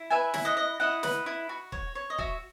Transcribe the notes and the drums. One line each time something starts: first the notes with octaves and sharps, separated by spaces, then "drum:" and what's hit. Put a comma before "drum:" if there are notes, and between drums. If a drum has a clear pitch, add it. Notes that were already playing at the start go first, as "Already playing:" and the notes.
Already playing: E4
B4 E5 G#5
E4, drum: snare
D#5 F#5
D#5
E4 D#5 F#5
B4, drum: snare
E4
F#4
C#5, drum: kick
C#5
D#5
F#4 E5, drum: kick